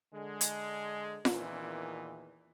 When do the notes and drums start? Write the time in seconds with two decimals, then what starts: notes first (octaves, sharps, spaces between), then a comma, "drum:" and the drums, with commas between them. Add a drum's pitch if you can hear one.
0.14 D3 G#3
0.41 drum: hi-hat
1.25 E2 A#2 D#3 E3, drum: snare F4